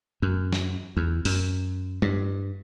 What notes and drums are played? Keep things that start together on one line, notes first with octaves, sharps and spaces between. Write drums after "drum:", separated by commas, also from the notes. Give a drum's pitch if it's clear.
F#2
drum: snare
E2
F#2, drum: open hi-hat
G2, drum: tom G3